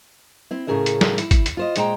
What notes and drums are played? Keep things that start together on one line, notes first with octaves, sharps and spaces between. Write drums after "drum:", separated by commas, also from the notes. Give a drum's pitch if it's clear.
C4 E4
A2 C#3 C#4 G#4 A#4 E5
drum: hi-hat
drum: snare
E4, drum: hi-hat
drum: kick G#1, hi-hat
drum: hi-hat
F4 C5 D#5
A#2 G#3 C5 G5 A#5, drum: hi-hat